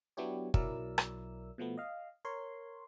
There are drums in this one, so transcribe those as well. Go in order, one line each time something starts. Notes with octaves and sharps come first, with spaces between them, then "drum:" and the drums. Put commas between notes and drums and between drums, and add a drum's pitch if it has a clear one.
F#3 B3 D4 E4 G4 C#5
B1 F#3 E4 A#4 D5 E6, drum: kick
drum: rim click
B2 F3 A3 B3
D#5 F5
A#4 C#5 C6